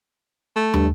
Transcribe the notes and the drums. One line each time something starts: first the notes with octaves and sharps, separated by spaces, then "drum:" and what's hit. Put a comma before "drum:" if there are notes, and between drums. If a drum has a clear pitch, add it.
A3
G2, drum: tom